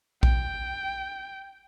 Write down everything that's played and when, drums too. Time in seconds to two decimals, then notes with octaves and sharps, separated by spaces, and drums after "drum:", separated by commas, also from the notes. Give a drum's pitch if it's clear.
0.23 G5, drum: kick A#1